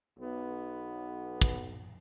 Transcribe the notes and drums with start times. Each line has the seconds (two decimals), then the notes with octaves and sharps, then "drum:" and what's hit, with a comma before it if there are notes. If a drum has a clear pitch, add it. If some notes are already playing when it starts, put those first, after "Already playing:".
0.18 B1 B3
1.41 drum: kick